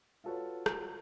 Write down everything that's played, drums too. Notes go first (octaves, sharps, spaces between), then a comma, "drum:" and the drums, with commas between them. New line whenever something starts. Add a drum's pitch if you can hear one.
F4 F#4 A4 B4 C#5
drum: rim click